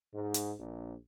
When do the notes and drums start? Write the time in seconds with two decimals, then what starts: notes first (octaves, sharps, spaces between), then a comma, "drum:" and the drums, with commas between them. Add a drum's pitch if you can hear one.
0.15 G#2
0.34 drum: hi-hat
0.60 A#1